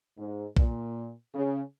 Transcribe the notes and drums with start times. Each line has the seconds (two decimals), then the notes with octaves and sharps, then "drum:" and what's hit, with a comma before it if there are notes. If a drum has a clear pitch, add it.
0.18 G#2
0.57 A#2, drum: kick
1.34 C#3